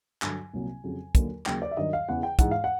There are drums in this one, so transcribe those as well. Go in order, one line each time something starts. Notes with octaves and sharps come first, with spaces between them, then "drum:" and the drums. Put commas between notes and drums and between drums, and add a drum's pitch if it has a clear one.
G2 D3 F#3 G#5, drum: clap
C2 A#2 F#3
F2 C#3 F#3
D#2 D3 F#3, drum: kick, hi-hat
D#2 C#3 F#3 G5, drum: clap
D5
E5
G2 D#3 F#3 D#5
F5
E2 C#3 E3 F#5
G5
G#2 E3 F#5, drum: kick, hi-hat
F5
F#5